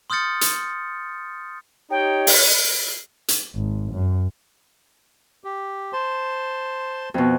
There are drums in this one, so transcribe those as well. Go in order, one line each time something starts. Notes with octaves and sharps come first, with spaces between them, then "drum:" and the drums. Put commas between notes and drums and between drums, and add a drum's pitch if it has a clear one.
C6 D#6 F6 G6 A6 C#7
drum: hi-hat
D#4 G4 C#5 G5
drum: open hi-hat
drum: hi-hat
G#1
F#2
G4
C5 A5 C6
F2 B2